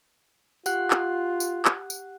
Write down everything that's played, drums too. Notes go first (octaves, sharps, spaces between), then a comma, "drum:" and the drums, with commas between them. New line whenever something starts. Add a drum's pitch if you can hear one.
F4 G4 F#5 F#6, drum: tambourine
drum: clap
drum: tambourine
drum: clap
drum: tambourine